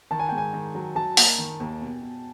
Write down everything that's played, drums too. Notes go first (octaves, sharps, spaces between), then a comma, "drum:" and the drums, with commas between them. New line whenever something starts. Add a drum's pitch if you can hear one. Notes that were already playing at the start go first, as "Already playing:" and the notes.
D#3 A5
G#5
G#2 G5
G#5
D#3
F#3
F#3 A5
A#3, drum: open hi-hat
D#3
D#2
B2
B2